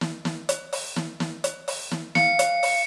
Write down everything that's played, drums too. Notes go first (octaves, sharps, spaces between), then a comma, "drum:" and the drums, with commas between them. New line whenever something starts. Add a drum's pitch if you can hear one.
drum: snare
drum: snare
drum: hi-hat
drum: open hi-hat
drum: snare
drum: snare
drum: hi-hat
drum: open hi-hat
drum: snare
F5 C#7, drum: snare
drum: hi-hat
drum: open hi-hat